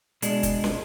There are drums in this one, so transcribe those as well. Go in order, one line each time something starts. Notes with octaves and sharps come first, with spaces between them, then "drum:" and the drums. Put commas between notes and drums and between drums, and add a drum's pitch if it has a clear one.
B2 G#3 D4, drum: hi-hat
drum: kick, hi-hat
drum: snare